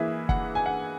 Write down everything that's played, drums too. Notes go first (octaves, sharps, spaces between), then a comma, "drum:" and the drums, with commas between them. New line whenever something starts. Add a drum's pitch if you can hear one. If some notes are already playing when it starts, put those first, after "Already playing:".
Already playing: E3 A#3 E4 G#4 B4 E5
F#5, drum: kick
G#5
F#5